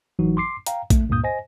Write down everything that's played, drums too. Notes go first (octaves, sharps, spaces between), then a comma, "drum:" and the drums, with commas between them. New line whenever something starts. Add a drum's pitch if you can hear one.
A1 E3 F#3 D#4 F#4
C6 D6 C7
F5 G5 A#5, drum: hi-hat
A3, drum: kick A#1, hi-hat
C#2 G2 A#2 A#3 D#6 G6
C5 D#5 G#5 A#6